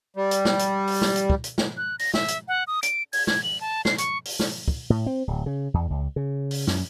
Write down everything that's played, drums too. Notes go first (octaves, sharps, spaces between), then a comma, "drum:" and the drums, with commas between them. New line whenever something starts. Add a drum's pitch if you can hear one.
G3
drum: hi-hat
drum: snare
drum: hi-hat
drum: open hi-hat
drum: snare
drum: hi-hat
drum: kick
drum: hi-hat
drum: snare
F#6
A#6, drum: open hi-hat
E5, drum: snare
drum: hi-hat
F#5
D#6
D7, drum: hi-hat
G#6, drum: open hi-hat
G#6, drum: snare
F#7
A5
C7, drum: snare
C#6, drum: hi-hat
drum: open hi-hat
drum: snare
drum: kick
A2
C4
D1
C#3
E2
C#2
C#3
drum: open hi-hat
F#2, drum: snare